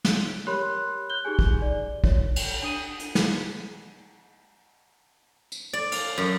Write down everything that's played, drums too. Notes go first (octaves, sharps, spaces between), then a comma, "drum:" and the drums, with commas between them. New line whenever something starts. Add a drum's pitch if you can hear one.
drum: snare
G4 A#4 C#5 B5 C6 F#6
F#6 G6 G7
D#4 G4 G#4 G#5
drum: kick
D5
C#5, drum: kick
drum: cymbal
D4 D#6 D#7
drum: hi-hat
drum: snare
drum: tambourine
D5
F5, drum: cymbal
F#2